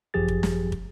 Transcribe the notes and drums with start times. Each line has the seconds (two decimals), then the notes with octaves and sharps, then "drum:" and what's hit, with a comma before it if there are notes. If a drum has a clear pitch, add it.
0.14 G#1 F#2 F3 G4 G#4 A6
0.28 drum: kick
0.43 drum: snare
0.72 drum: kick